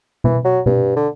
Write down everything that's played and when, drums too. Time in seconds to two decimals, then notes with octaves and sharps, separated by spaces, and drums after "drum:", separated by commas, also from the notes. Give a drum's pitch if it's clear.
0.24 E3, drum: tom B2
0.45 F#3
0.66 G2, drum: tom B2
0.96 D3